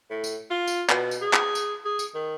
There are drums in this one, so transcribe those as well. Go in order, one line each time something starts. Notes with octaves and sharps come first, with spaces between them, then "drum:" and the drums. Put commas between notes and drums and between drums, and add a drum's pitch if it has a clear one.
A2
drum: tambourine
F4
drum: tambourine
B2, drum: clap
drum: tambourine
G#4
drum: clap
drum: tambourine
G#4
drum: tambourine
D#3